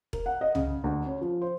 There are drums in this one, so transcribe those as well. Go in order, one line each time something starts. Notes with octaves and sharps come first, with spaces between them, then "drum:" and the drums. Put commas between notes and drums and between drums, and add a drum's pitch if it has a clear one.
A#4, drum: kick E1
F#5
D#5
C#3, drum: tom C2
D2
C#4
F3
C5